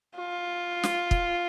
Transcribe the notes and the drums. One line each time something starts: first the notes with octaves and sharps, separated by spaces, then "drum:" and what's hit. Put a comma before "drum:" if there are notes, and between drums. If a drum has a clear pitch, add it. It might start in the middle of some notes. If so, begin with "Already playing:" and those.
F4
drum: snare
drum: kick